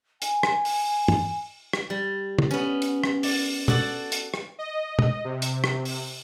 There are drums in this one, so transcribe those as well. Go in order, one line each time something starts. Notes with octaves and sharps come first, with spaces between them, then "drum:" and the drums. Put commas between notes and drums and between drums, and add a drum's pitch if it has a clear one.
G#5, drum: hi-hat
drum: rim click
drum: open hi-hat
drum: tom
drum: rim click
G3
drum: tom
B3 C#4
drum: hi-hat
drum: rim click
D5, drum: open hi-hat
F#4 A4 D5 F#5, drum: tom
drum: hi-hat
drum: rim click
D#5
drum: tom
C3
drum: hi-hat
drum: rim click
drum: open hi-hat